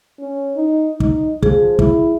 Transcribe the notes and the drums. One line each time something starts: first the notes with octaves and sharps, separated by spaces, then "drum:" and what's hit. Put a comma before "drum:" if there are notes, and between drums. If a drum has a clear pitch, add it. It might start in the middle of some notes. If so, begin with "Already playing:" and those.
C#4
D#4
D#4, drum: kick
F3 G#4, drum: kick
E4, drum: kick